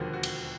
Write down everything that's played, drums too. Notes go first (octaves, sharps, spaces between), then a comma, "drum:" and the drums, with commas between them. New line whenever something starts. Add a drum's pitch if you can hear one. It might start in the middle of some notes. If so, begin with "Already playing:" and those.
Already playing: E1 D#2 D3 F3 A#3 F#4
F#4
drum: cymbal